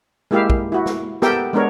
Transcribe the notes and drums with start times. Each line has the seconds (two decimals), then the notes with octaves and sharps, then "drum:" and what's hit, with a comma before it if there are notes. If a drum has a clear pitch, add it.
0.31 G#3 A#3 E4 G4 E5 F5
0.50 drum: kick
0.72 E4 F#4
0.86 drum: snare
1.22 B3 G4 A4 A#4 E5 G5, drum: snare
1.53 G#3 B3 D4 A#4 C#5